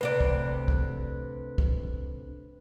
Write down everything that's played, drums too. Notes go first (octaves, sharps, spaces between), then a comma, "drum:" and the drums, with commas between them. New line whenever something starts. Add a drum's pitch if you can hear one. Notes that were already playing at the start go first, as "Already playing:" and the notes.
D2 C3 B4 D5
drum: kick
drum: kick
drum: kick